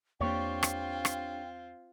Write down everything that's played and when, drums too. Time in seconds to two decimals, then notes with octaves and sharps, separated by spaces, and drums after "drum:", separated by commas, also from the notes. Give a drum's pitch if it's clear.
0.21 E2 A#3 C4 D4 F4 G4 C#5 G5
0.63 drum: rim click
1.05 drum: rim click